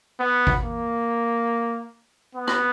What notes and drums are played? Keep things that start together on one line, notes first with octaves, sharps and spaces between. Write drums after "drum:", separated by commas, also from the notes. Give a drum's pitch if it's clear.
B3
drum: kick G#1
A#3
B3
drum: rim click